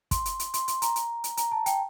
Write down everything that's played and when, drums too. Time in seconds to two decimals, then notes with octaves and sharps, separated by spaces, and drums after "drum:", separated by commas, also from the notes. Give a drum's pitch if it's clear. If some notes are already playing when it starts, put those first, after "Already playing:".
0.11 C6, drum: kick, hi-hat
0.25 drum: hi-hat
0.39 drum: hi-hat
0.54 C6, drum: hi-hat
0.68 C6, drum: hi-hat
0.82 A#5, drum: hi-hat
0.96 drum: hi-hat
1.24 drum: hi-hat
1.37 A#5, drum: hi-hat
1.52 A5
1.66 G5, drum: hi-hat